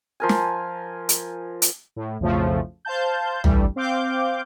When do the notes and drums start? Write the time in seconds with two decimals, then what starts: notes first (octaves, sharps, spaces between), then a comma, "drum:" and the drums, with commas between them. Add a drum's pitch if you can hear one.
0.20 F3 A#4 G#5
0.29 drum: snare
1.09 drum: hi-hat
1.62 drum: hi-hat
1.96 A2
2.20 B1 F2 A2 C#3 F3 A3
2.85 C5 F5 A5 G6
3.44 G2 E3 G3 A3, drum: tom
3.76 C4 F5 D6 G6